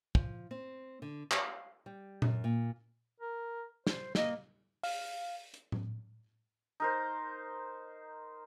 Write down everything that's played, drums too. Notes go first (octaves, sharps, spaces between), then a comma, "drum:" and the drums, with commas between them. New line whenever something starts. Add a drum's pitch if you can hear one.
F3, drum: kick
C4
D3
F5, drum: clap
G3
F#2, drum: tom A#2
A#2
A#4
C5, drum: snare
A#3 D#5, drum: snare
F5, drum: open hi-hat
drum: hi-hat
drum: tom A2
D#4 A#4 C5